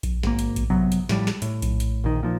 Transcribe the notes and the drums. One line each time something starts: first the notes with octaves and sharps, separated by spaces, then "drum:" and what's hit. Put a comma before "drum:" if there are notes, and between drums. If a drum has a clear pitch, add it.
drum: kick A#1, hi-hat
G#1 A#3, drum: snare
drum: hi-hat
drum: kick A#1, hi-hat
G1 C3 F#3 B3
drum: hi-hat
A2 F3 G3, drum: snare
drum: snare
A2, drum: hi-hat
drum: kick A#1, hi-hat
drum: hi-hat
A#1 D#3
A#2 F3